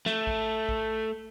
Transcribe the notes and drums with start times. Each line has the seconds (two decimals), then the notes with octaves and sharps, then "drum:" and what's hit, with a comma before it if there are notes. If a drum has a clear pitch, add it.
0.06 A3, drum: snare
0.27 drum: kick
0.69 drum: kick